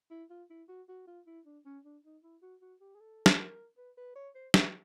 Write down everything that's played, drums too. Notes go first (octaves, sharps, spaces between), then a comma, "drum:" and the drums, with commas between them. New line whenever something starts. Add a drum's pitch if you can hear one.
E4
F4
E4
F#4
F#4
F4
E4
D4
C#4
D4
D#4
E4
F#4
F#4
G4
G#4
A4
drum: snare
A#4
B4
B4
C#5
C5
B4, drum: snare